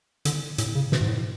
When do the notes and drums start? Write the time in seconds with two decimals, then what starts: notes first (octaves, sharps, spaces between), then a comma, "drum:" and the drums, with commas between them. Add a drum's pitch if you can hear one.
0.25 D3, drum: hi-hat
0.58 A2, drum: hi-hat
0.75 C#3
0.92 B2, drum: snare
1.00 G#2
1.08 A2